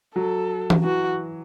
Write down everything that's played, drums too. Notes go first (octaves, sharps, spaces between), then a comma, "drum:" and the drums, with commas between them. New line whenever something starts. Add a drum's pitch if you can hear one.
F#3 A4
drum: tom E3
E3 F#4